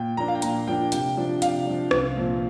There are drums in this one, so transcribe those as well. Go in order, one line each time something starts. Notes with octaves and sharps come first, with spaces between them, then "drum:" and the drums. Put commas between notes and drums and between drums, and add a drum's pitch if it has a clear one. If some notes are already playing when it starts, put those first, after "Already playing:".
Already playing: A#2 G5
F3 A#3 D4 A#5
F5
G5
A#2 A#5, drum: hi-hat
F3 A#3 D4 G5
C3 G5, drum: hi-hat
F3 D4
C3 F5, drum: hi-hat
F3 D4
C2, drum: rim click
A#2 F3 C4